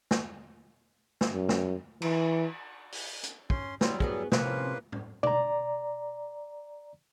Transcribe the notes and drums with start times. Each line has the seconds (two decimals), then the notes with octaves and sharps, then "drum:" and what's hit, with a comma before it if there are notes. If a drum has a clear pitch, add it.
0.11 drum: snare
1.21 drum: snare
1.33 F#2
1.49 drum: snare
2.02 E3, drum: cymbal
2.92 drum: open hi-hat
3.23 drum: hi-hat
3.50 C#4 C6, drum: kick
3.81 E2 F#3 G3 C4, drum: snare
4.00 B3 F#4 G#4, drum: kick
4.32 A2 C3 F3 A#3 C#4 B4, drum: snare
4.92 drum: tom A2
5.23 D5 A#5, drum: tom B2